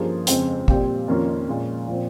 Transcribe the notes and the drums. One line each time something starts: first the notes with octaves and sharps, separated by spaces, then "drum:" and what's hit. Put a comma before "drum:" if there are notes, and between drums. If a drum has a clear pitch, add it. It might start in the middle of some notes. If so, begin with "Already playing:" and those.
Already playing: G2 F3 A#3 C#4 G#4
F2 C#3 G#3 C4, drum: hi-hat
A#2 G3 C4 G4, drum: kick
F2 D#3 A#3 C#4 F4
A#2 G#3 C#4
A#2 F3 C4